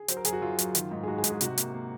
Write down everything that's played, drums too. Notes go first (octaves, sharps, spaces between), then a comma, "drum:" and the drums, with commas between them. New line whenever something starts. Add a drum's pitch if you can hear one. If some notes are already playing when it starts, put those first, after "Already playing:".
Already playing: G#4
F#3 C5, drum: hi-hat
A#4
F#2 G#4, drum: hi-hat
F#4
F#2 F4
F#2, drum: hi-hat
D#3, drum: hi-hat
G#2
G#4
G#2 F#4
G#4
G#2, drum: hi-hat
G#4
C3 F#4, drum: hi-hat
A#3, drum: hi-hat
A#3